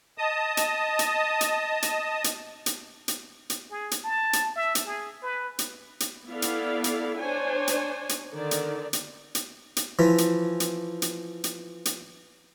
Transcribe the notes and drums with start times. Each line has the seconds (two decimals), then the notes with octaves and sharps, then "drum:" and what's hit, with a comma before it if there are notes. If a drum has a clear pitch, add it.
0.18 D#5 A5 D#6
0.57 drum: hi-hat
0.99 drum: hi-hat
1.41 drum: hi-hat
1.82 drum: hi-hat
2.24 drum: hi-hat
2.66 drum: hi-hat
3.08 drum: hi-hat
3.50 drum: hi-hat
3.71 G#4
3.91 drum: hi-hat
4.04 A5
4.33 drum: hi-hat
4.56 E5
4.75 drum: hi-hat
4.86 G#4
5.23 B4
5.59 drum: hi-hat
6.00 drum: hi-hat
6.28 B3 E4 A4 D5 F5
6.42 drum: hi-hat
6.84 drum: hi-hat
7.19 D4 C5 C#5 G#5
7.68 drum: hi-hat
8.09 drum: hi-hat
8.32 D3 D#3 D5
8.51 drum: hi-hat
8.93 drum: hi-hat
9.35 drum: hi-hat
9.77 drum: hi-hat
9.99 E3 F3
10.18 drum: hi-hat
10.60 drum: hi-hat
11.02 drum: hi-hat
11.44 drum: hi-hat
11.85 drum: hi-hat